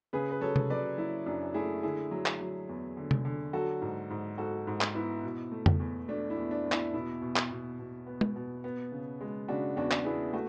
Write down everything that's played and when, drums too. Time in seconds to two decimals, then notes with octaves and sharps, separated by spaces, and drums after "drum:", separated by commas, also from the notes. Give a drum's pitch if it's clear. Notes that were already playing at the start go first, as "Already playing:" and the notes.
0.13 C#3 G#4 B4
0.31 B4
0.41 F#3 A4 C#5
0.56 drum: tom C3
0.69 F#3 B4 D5
0.98 F#3 E4
1.26 F#2 D4
1.54 A3 E4 G#4
1.83 D3 E4 G#4
2.11 F#3
2.26 drum: clap
2.40 F#3
2.69 E2
2.97 D3
3.11 drum: tom C3
3.25 D3
3.53 F#3 F#4 A4
3.81 G#2
4.10 G#2
4.38 G#2 F#4 A4
4.67 G#2
4.81 drum: clap
4.95 B3 E4
5.23 B2
5.52 A3
5.66 drum: tom
5.80 E2
6.08 A3 D4
6.30 E4
6.37 E2
6.51 D4
6.65 E2
6.72 E4, drum: clap
6.93 B2 E4
7.21 B2
7.36 drum: clap
7.50 B2
7.79 B2
8.06 B3
8.21 drum: tom G#3
8.36 B2
8.64 B3
8.92 C#3
9.21 G#3
9.48 C#3 D4 F#4
9.76 E2 D4 F#4
9.91 drum: clap
10.05 B3 E4 G#4
10.33 A3 F#4